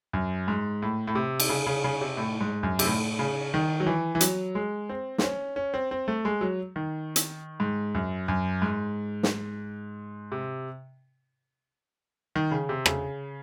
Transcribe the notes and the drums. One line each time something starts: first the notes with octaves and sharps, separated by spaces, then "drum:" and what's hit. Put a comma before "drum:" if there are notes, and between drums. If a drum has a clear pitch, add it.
F#2
G#2
A2
A2
C3
drum: cymbal
C#3
C#3
C#3
C3
A2
G#2
F#2
C3, drum: cymbal
A2
C#3
D#3
F#3
E3
E3
F#3, drum: hi-hat
G#3
C4
C4, drum: snare
C#4
C#4
C4
C4
A3
G#3
F#3
D#3
drum: hi-hat
G#2
F#2
F#2
G#2
drum: snare
C3
D#3
C#3
C3
C#3, drum: rim click